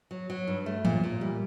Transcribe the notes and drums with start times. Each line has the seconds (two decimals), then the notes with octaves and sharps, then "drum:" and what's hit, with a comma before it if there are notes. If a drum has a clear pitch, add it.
0.11 F#3
0.30 F#3
0.47 G2
0.66 A3
0.85 A#2, drum: tom E3
1.04 A#2
1.21 G3